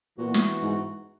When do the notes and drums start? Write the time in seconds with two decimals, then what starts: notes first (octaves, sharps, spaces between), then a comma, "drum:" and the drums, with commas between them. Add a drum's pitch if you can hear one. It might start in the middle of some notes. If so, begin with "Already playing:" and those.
0.18 A#2 E3 B3 F#4
0.34 drum: snare
0.62 G#2